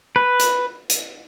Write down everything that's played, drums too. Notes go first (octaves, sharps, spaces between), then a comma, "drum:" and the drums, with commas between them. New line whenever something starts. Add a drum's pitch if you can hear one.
B4
drum: hi-hat
drum: hi-hat